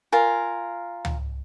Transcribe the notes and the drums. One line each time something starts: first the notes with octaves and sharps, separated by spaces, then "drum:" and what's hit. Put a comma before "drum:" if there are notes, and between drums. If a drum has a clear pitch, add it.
F4 A#4 G#5
drum: tom C#2